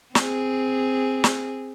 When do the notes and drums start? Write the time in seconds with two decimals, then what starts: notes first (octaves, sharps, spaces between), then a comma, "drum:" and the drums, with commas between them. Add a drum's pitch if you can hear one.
0.15 C4 G#4, drum: snare
1.24 drum: snare